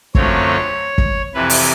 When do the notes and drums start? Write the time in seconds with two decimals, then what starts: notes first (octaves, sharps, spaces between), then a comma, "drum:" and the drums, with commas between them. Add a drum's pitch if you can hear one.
0.15 F#2 D3 F3 A3 C4 C#5, drum: kick
0.98 drum: kick
1.34 F2 C3 E3 B4
1.50 drum: open hi-hat